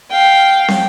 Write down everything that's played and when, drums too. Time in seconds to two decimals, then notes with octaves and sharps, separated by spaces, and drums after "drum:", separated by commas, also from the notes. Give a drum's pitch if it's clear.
0.10 F5 G5
0.68 drum: snare